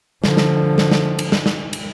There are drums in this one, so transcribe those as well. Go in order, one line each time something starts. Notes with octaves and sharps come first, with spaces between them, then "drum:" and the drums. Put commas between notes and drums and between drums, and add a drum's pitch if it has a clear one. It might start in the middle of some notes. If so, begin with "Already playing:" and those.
D3 F3, drum: snare
drum: snare
drum: snare
drum: snare
drum: cymbal
drum: snare
drum: snare
drum: cymbal